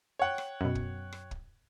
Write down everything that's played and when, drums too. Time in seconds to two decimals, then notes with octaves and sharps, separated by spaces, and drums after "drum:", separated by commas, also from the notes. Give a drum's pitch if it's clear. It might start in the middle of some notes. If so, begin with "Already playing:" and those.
0.19 C#5 F#5 G5
0.38 drum: rim click
0.61 F#2 B2
0.75 drum: kick
1.13 drum: rim click
1.31 drum: kick